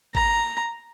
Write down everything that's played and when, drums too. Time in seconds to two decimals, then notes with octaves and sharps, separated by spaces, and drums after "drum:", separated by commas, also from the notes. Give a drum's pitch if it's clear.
0.15 A#5, drum: kick